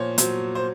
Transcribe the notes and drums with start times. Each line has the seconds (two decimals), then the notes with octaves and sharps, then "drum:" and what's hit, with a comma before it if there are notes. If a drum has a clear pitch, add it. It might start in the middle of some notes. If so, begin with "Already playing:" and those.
Already playing: A#2 F3 C5 C#5
0.18 F#3 C5, drum: hi-hat
0.55 C5